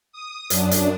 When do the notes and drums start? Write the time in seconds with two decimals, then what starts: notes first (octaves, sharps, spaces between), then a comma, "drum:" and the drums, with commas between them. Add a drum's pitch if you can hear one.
0.12 D#6
0.50 F#2 D4, drum: hi-hat
0.71 drum: hi-hat